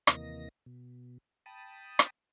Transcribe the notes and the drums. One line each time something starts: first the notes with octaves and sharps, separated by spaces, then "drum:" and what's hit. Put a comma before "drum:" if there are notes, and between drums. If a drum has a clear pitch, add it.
D#2 C3 E3 A#3 D#5 A#6, drum: rim click
B2
G5 A5 B5 D#6
drum: rim click